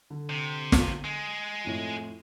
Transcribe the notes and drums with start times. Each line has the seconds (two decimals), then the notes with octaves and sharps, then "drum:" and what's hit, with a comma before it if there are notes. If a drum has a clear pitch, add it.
0.10 D3
0.29 C3
0.72 drum: snare
1.04 G#3
1.64 F2 A2